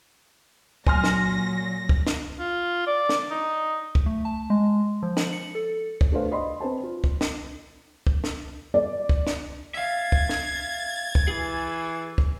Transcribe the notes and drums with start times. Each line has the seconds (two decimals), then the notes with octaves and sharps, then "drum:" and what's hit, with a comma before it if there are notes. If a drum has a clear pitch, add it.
0.87 A#2 F#3 G#5 C6 F6 A#6, drum: kick
1.04 drum: snare
1.89 drum: kick
2.07 drum: snare
2.39 F4
2.87 D5
3.09 drum: snare
3.31 D#4
3.95 drum: kick
4.06 A3
4.25 A5
4.50 G#3
5.03 F3
5.17 F#7, drum: snare
5.33 C#7
5.55 A4
6.01 drum: kick
6.12 A3 D4 B4 C5 F5
6.31 D5 D#5 B5 C6
6.60 C4 B4 C5 A5
6.83 F4
7.04 drum: kick
7.21 drum: snare
8.07 drum: kick
8.24 drum: snare
8.74 D5
9.09 drum: kick
9.27 drum: snare
9.74 E5 F5 G#6 A6
10.12 drum: kick
10.29 drum: snare
11.15 drum: kick
11.28 E3 G#4
12.18 drum: kick